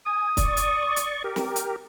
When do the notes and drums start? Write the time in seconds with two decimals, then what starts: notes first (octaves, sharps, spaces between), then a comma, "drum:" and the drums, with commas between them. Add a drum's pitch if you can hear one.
0.06 G#5 D#6
0.37 D5 C#6, drum: kick, hi-hat
0.57 drum: hi-hat
0.96 drum: hi-hat
1.24 G4 A#4
1.36 drum: snare
1.56 drum: hi-hat